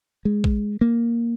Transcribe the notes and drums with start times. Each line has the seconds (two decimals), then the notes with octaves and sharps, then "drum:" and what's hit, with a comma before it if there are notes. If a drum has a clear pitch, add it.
0.25 G#3
0.44 drum: kick A1
0.81 A#3